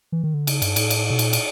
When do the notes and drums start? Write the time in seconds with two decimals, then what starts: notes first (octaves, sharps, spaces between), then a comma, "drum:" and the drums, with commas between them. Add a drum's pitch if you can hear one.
0.12 E3
0.24 D#3
0.34 D3
0.47 C#3, drum: cymbal
0.62 G2, drum: cymbal
0.76 A2, drum: cymbal
0.90 drum: cymbal
1.10 B2
1.19 A#2, drum: cymbal
1.33 drum: cymbal